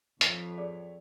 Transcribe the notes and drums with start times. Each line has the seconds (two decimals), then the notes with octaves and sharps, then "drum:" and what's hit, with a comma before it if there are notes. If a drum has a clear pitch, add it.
0.21 F2 C4 C#5 B6, drum: hi-hat
0.58 G#4 D5